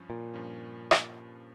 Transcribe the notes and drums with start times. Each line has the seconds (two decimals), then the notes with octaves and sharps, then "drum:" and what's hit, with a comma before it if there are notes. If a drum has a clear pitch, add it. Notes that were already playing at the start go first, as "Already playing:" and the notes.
Already playing: G2 F3 C#4
0.10 A#2
0.34 G2 F3 C#4
0.91 drum: rim click